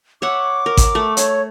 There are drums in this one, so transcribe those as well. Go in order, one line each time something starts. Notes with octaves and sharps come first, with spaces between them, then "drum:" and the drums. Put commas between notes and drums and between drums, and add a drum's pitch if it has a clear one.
C#5 E5 F#5 D6
A#4
drum: kick A1, hi-hat
A3
C#5, drum: hi-hat